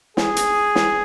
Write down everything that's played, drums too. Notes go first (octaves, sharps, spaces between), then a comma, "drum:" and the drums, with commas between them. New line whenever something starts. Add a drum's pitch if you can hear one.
G#4, drum: snare
drum: hi-hat
drum: snare